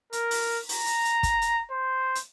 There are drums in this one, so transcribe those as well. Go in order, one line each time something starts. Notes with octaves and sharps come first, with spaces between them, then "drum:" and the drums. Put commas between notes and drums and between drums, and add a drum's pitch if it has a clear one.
A#4, drum: hi-hat
drum: open hi-hat
A#5, drum: open hi-hat
drum: hi-hat
drum: hi-hat
drum: kick, hi-hat
drum: hi-hat
C5
drum: hi-hat